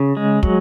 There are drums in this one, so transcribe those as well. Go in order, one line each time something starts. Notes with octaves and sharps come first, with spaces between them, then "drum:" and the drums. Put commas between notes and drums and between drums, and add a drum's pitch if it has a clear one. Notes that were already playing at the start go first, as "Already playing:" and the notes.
Already playing: C#3
G#3
F#3, drum: kick